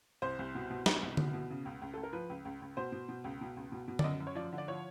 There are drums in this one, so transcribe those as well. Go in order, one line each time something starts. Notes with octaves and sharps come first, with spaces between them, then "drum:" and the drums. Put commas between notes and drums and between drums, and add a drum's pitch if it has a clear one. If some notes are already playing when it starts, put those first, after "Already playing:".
C2 C5
C2
B2
B2
B2, drum: snare
C2
B2, drum: tom D3
B2
C#3
C#2
C#2
C#2 A4
A#4
F3 B4
C#2
C#2
C#2
B2 C5
B2
B2
C#2
B2
C#2
B2
B2
D5, drum: tom D3
F#2 D#5
F#2
C#5
F3 D5
D3
D5
F3 C#5